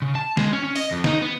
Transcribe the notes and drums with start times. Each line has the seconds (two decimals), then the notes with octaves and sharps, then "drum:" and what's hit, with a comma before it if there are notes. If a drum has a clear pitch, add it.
0.02 C#3
0.15 A5
0.37 G#3, drum: snare
0.52 C#4
0.63 C#4
0.76 D#5, drum: open hi-hat
0.91 F2
1.04 D#4, drum: snare
1.21 B3